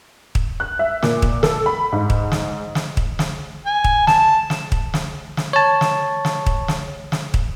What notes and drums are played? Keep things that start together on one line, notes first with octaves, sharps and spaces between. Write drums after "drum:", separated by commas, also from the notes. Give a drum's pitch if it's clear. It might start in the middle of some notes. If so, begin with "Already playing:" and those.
drum: kick
F#6
E5
A#2, drum: snare
drum: kick
A4, drum: snare
B5
G#2
drum: kick
drum: snare
drum: snare
drum: kick
drum: snare
G#5
drum: kick
A5, drum: snare
drum: snare
drum: kick
drum: snare
drum: snare
C#5 A5
drum: snare
drum: snare
drum: kick
drum: snare
drum: snare
drum: kick